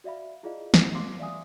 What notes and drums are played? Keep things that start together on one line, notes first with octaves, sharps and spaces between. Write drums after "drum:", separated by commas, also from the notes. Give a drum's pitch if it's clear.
F#4 D5 E5 F5 B5
E4 F4 G#4 D5 D#5 F5
drum: snare
F5 C6 D6 C7
D5 E5 F5 G#5 D#6